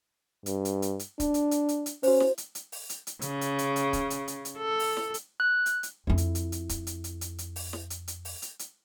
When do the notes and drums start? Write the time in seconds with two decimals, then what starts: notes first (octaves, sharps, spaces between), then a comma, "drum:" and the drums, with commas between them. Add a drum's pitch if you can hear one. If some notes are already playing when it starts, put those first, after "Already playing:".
0.46 G2, drum: hi-hat
0.65 drum: hi-hat
0.82 drum: hi-hat
0.99 drum: hi-hat
1.20 D4, drum: kick, hi-hat
1.34 drum: hi-hat
1.51 drum: hi-hat
1.69 drum: hi-hat
1.86 drum: hi-hat
2.03 C#4 F#4 C5, drum: open hi-hat
2.20 drum: snare
2.38 drum: hi-hat
2.55 drum: hi-hat
2.72 drum: open hi-hat
2.89 drum: hi-hat
3.07 drum: hi-hat
3.21 C#3, drum: hi-hat
3.41 drum: hi-hat
3.59 drum: hi-hat
3.76 drum: hi-hat
3.93 drum: kick, hi-hat
4.10 drum: hi-hat
4.28 drum: hi-hat
4.45 drum: hi-hat
4.58 A4
4.79 drum: open hi-hat
4.97 drum: snare
5.14 drum: hi-hat
5.40 F#6
5.66 drum: hi-hat
5.83 drum: hi-hat
6.07 F2 E4
6.18 drum: hi-hat
6.35 drum: hi-hat
6.52 drum: hi-hat
6.69 drum: kick, hi-hat
6.87 drum: hi-hat
7.04 drum: hi-hat
7.21 drum: hi-hat
7.38 drum: hi-hat
7.56 drum: open hi-hat
7.73 drum: snare
7.90 drum: hi-hat
8.08 drum: hi-hat
8.25 drum: open hi-hat
8.42 drum: hi-hat
8.59 drum: hi-hat